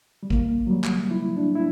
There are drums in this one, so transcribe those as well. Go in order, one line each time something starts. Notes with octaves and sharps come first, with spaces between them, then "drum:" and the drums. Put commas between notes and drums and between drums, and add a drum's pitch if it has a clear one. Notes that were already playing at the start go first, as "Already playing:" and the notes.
G3
A#3, drum: kick A1
F#3
G3
drum: clap
E4
D4
E4